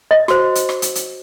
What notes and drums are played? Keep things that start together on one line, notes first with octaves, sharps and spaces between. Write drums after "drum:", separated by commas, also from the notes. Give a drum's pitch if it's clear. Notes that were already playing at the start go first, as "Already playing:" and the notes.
D#5
F#4 C5, drum: rim click
drum: hi-hat
drum: rim click
drum: hi-hat
drum: hi-hat